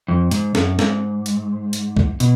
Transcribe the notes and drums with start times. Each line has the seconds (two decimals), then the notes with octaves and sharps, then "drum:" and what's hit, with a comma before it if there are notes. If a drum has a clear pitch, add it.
0.08 F2
0.31 G#2, drum: hi-hat
0.55 F#2, drum: snare
0.79 G#2, drum: snare
1.26 drum: hi-hat
1.73 drum: hi-hat
1.97 drum: kick
2.20 B2, drum: hi-hat